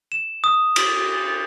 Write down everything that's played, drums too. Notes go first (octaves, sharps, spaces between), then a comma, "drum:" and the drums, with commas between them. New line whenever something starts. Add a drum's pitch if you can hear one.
E7
D#6
drum: cymbal